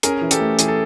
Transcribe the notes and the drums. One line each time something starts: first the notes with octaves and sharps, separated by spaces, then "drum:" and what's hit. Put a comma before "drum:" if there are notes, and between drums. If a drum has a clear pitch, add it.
C#4 G#4 A#4, drum: hi-hat
E3
G4 A4, drum: hi-hat
A3
E3 G#4, drum: hi-hat
A4